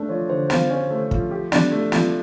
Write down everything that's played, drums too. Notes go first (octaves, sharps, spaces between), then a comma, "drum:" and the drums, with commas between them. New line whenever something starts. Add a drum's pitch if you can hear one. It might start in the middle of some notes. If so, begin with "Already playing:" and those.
Already playing: A3 D4
F3 C#5
D3 C5
F4 C5, drum: snare
C#4
A3
F3, drum: kick
G4
D4, drum: snare
A3
F3, drum: snare